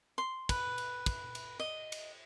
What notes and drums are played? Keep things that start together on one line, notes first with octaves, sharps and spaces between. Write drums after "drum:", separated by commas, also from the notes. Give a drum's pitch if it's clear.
C6
B4, drum: kick, cymbal
drum: cymbal
drum: kick, cymbal
drum: cymbal
D#5
drum: cymbal